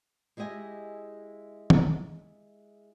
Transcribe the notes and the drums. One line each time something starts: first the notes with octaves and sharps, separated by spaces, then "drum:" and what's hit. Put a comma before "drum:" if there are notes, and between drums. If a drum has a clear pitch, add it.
G#3 E4 G4 D#5 G#5
drum: tom